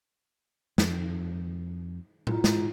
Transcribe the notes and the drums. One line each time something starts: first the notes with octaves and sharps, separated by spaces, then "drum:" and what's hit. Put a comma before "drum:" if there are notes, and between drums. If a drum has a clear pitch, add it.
F2, drum: snare
E4 F4 A#5, drum: tom A2
G#2, drum: snare